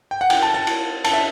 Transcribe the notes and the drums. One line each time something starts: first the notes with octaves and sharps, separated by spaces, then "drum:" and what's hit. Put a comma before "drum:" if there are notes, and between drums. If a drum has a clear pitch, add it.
G5
F#5
G5, drum: cymbal
A5
A5
drum: cymbal
A5, drum: cymbal
E5